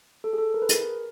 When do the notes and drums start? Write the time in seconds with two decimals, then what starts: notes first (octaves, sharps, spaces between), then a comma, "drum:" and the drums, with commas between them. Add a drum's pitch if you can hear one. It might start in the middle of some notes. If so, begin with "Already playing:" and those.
0.24 A4
0.33 G#4
0.38 A4
0.54 A#4
0.62 B4
0.69 G#4 A#4, drum: hi-hat